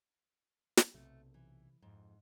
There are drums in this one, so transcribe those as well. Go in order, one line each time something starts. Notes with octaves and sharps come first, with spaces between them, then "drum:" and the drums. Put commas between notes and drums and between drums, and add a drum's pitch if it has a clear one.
drum: snare
B1 C3 A3 C4
E3
F2 G#2